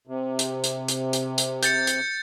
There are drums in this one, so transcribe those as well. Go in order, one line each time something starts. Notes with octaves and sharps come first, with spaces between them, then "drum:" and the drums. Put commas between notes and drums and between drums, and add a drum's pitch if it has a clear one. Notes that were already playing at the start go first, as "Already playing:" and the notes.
C3
drum: hi-hat
drum: hi-hat
drum: hi-hat
drum: hi-hat
drum: hi-hat
G6 A6 C#7, drum: hi-hat
drum: hi-hat